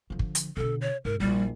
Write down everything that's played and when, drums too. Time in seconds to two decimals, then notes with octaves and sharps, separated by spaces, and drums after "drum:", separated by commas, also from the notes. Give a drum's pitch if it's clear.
0.10 D3 F3
0.19 drum: kick
0.35 drum: hi-hat
0.57 B2 D3 A4
0.81 C#5
1.05 G#2 A#4
1.20 A#1 G3 E4